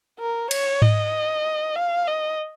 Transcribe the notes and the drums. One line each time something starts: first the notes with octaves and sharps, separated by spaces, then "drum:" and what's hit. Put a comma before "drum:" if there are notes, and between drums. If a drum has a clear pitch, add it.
A#4
C#5, drum: cymbal
D#5, drum: tom G#2
F5
D#5